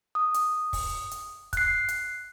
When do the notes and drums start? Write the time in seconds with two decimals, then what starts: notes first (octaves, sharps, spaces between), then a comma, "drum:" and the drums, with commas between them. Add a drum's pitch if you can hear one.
0.15 D#6
0.34 drum: hi-hat
0.73 drum: kick, open hi-hat
1.11 drum: hi-hat
1.53 F#6 C7, drum: kick, hi-hat
1.89 drum: hi-hat